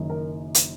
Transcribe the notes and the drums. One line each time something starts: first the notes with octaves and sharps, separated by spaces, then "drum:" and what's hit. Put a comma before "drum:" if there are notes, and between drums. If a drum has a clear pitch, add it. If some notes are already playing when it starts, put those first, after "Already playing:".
Already playing: F#1 F#2 D#3
A#4
drum: hi-hat